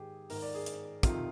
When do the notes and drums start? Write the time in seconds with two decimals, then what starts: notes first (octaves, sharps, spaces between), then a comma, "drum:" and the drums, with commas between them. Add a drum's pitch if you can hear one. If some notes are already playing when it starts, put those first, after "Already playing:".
Already playing: G#2 D#3 G4 G#4
0.30 G#2 D#3 A#4, drum: open hi-hat
0.42 D5
0.54 G#4
0.66 drum: hi-hat
1.03 F2 C3 D#3 F4, drum: kick, hi-hat